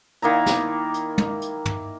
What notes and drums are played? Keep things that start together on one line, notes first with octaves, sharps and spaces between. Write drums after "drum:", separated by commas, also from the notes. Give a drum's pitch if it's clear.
D#3 A#3 E4 A#5
drum: snare
drum: hi-hat
drum: tom
drum: hi-hat
drum: tom